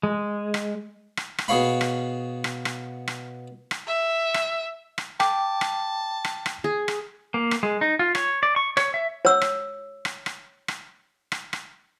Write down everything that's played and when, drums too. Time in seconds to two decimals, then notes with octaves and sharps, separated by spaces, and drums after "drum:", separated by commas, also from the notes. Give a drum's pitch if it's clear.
0.03 G#3
0.54 drum: rim click
1.17 drum: rim click
1.38 drum: rim click
1.48 B2 G#4 C#5 F5 B5
1.81 drum: rim click
2.44 drum: rim click
2.65 drum: rim click
3.08 drum: rim click
3.71 drum: rim click
3.87 E5
4.34 drum: rim click
4.98 drum: rim click
5.20 G5 A5 D6, drum: rim click
5.61 drum: rim click
6.25 drum: rim click
6.46 drum: rim click
6.64 G#4
6.88 drum: rim click
7.34 A#3
7.51 drum: rim click
7.63 G#3
7.81 D#4
7.99 F4
8.15 C#5, drum: rim click
8.43 D5
8.56 C#6
8.77 C#5, drum: rim click
8.94 E5
9.25 C#5 E6
9.41 drum: rim click
10.05 drum: rim click
10.26 drum: rim click
10.68 drum: rim click
11.32 drum: rim click
11.53 drum: rim click